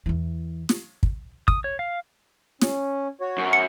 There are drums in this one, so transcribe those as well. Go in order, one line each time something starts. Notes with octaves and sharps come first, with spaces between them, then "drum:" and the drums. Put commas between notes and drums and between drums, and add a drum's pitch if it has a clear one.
E2 E3
drum: snare
drum: kick
D#6, drum: kick
C#5
F5
C#4, drum: snare
F#4 C#5
F#2
C#7